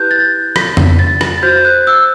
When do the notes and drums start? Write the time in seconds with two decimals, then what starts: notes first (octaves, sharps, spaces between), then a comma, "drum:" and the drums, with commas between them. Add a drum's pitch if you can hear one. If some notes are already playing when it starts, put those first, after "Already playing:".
Already playing: E4 G4 B4 F#6 G6
0.11 A6
0.56 B6, drum: rim click
0.77 drum: tom F2
0.99 A6
1.21 drum: rim click
1.38 A6
1.43 F#4 C5 G6
1.65 F#6
1.87 E6